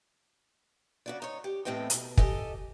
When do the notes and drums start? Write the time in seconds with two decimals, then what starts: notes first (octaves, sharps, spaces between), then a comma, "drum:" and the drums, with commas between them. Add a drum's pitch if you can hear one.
1.06 C#3 F#4 D5
1.22 D#4 C#5
1.44 G4
1.65 E2 A2 B3 C4 D#5 G5
1.90 B2, drum: hi-hat
2.17 G4 A4 D#5 G#5, drum: kick